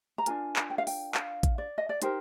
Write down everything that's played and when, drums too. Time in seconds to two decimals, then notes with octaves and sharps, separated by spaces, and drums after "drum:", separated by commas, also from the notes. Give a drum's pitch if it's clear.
0.18 A#5
0.26 D4 F4 A#4 G#5, drum: hi-hat
0.56 drum: clap
0.70 G5
0.78 F5
0.87 G5, drum: open hi-hat
1.15 F5, drum: clap
1.43 drum: kick A1, hi-hat
1.58 D5
1.78 D#5
1.89 D5
2.02 D#4 G4 A#4 C5, drum: hi-hat